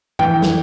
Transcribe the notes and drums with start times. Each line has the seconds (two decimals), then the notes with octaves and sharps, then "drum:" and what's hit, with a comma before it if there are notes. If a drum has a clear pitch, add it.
0.19 E3 G5, drum: tom
0.42 drum: snare